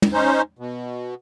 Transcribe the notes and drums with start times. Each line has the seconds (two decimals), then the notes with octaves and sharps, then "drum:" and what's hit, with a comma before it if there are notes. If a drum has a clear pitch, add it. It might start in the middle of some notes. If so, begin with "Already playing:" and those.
0.02 drum: tom
0.13 C#4 D#4 C5
0.59 B2